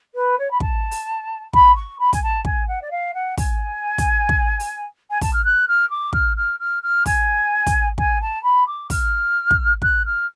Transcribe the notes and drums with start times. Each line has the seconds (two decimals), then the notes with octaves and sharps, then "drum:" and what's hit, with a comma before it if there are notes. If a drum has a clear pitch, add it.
0.14 B4
0.38 C#5
0.50 B5
0.60 A5, drum: kick
0.91 drum: open hi-hat
1.53 B5, drum: kick
1.75 C#6
1.99 B5
2.13 G#5, drum: kick, hi-hat
2.22 A5
2.45 G#5, drum: kick
2.67 F#5
2.81 D5
2.90 F5
3.14 F#5
3.37 G#5, drum: kick, open hi-hat
3.98 drum: kick, hi-hat
4.29 drum: kick
4.60 drum: open hi-hat
5.10 G#5
5.21 A5, drum: kick, open hi-hat
5.33 F6
5.44 F#6
5.67 F6
5.90 D6
6.13 F6, drum: kick
6.36 F6
6.59 F6
6.82 F6
7.06 G#5, drum: kick, open hi-hat
7.66 drum: kick, hi-hat
7.98 G#5, drum: kick
8.21 A5
8.43 B5
8.66 D6
8.90 F6, drum: kick, open hi-hat
9.51 drum: kick
9.82 F#6, drum: kick
10.05 F6